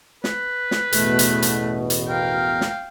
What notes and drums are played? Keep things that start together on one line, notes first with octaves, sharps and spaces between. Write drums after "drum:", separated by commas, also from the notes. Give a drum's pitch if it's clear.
B4, drum: snare
drum: snare
A1 E2 B2 A3, drum: hi-hat
drum: hi-hat
drum: hi-hat
drum: hi-hat
A#4 F5 G5
drum: snare